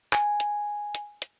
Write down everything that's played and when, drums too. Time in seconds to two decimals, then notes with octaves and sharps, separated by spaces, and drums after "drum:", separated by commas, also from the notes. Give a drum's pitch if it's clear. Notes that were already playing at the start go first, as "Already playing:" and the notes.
0.13 G#5, drum: clap
0.40 drum: hi-hat
0.95 drum: hi-hat
1.22 drum: hi-hat